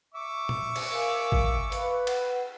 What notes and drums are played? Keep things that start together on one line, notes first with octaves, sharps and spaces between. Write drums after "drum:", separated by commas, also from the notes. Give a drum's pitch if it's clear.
E5 C#6 D6
drum: tom
drum: cymbal
A#4 F5 G#5
drum: kick G#1
B4 F5 E6, drum: hi-hat
F#5, drum: cymbal